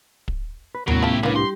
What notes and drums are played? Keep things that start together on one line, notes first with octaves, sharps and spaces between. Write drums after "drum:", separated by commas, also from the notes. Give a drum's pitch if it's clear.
drum: kick
B4
C2 A2 F#3 B3 C#4 F#4 A#4, drum: tom D#2
E4 F4 G4 A5
C#3 A#3 B3 D4 E4
G3 G4 C6